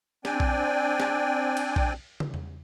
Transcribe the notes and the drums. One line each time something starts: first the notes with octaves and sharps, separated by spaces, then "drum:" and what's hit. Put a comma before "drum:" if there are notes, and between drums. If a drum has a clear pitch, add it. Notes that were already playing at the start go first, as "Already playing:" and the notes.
C4 D4 D5 G5 G#5, drum: snare
drum: kick A#1
drum: snare
drum: cymbal
drum: kick A#1
drum: tom
drum: tom